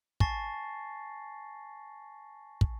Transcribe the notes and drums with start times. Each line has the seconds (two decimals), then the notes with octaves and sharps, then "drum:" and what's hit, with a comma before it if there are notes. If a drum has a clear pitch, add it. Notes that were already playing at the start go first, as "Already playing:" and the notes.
0.20 G#5 A5 C#6 A6 A#6 C7, drum: kick
2.61 drum: kick